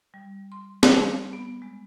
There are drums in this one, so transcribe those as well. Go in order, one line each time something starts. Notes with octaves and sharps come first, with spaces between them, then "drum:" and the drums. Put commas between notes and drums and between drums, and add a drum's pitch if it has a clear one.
G3
C6
G3, drum: snare
B3
G#3